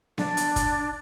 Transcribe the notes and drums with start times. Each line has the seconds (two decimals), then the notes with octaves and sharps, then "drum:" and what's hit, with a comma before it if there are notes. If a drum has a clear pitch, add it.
0.18 D4, drum: snare B3
0.37 drum: hi-hat
0.56 drum: kick, hi-hat